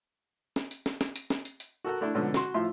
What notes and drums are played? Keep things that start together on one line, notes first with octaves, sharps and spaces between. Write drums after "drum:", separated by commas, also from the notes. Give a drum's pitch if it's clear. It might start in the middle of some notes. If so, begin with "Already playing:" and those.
drum: snare
drum: hi-hat
drum: snare
drum: snare
drum: hi-hat
drum: snare
drum: hi-hat
drum: hi-hat
F#4 A4 A#4 F#5
A3 D4 E4
G#2 B2 D3 F3 B3 C#4
F#4 C6, drum: snare
A2 F3 F4 E5 C6